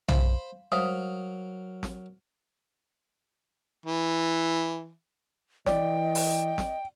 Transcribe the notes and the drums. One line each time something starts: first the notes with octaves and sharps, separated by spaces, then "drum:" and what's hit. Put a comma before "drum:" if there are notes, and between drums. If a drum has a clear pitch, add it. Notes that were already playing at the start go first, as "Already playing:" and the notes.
C5 F5 B5, drum: tom B1
F#3 A#4 C5 F5 D#6
drum: snare
E3
E3 D5 D#5 G5, drum: snare
drum: open hi-hat
drum: snare